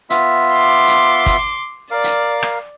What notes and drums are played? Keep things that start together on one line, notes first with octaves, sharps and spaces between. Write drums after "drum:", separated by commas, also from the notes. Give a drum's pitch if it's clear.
B3 F4 E5, drum: hi-hat
C6 D6
drum: hi-hat
drum: kick, hi-hat
A#4 D5 F5
drum: hi-hat
drum: rim click